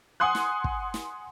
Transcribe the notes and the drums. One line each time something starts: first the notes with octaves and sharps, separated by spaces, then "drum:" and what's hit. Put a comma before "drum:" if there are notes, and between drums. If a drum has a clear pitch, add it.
F#5 G#5 C6 D#6 F#6
drum: snare
drum: kick
drum: snare